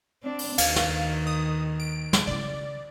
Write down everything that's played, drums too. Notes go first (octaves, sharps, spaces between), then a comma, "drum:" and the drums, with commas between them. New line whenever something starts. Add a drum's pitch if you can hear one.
C4 D4
drum: open hi-hat
D#2 D#3 F5, drum: cymbal
drum: snare
D#6
D7
drum: snare
C#3 E4 D5